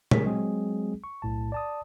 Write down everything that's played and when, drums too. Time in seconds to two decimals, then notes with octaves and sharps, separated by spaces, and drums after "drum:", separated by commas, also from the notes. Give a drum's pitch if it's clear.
0.11 C#3 G#3 G#4 A#4 C#5 B6, drum: tom
0.26 F#3 G#3 C4 G#4
1.04 C#6
1.22 B1 A2 A5
1.52 D5 A5 D#6